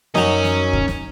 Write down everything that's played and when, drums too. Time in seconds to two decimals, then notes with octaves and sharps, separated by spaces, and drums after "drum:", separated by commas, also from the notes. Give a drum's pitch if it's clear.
0.15 F#2 F#3 C#4 D#4, drum: snare
0.44 drum: snare
0.73 drum: kick
0.88 drum: snare